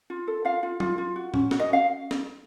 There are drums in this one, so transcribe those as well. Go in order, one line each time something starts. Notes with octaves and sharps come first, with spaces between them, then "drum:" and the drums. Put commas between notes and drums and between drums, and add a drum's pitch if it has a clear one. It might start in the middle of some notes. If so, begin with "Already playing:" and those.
F4
A4
F4 F5
F4
F4, drum: tom F#3
F4
F#4
C#4, drum: tom A2
F#4, drum: snare
D#5
C#4 F5
drum: snare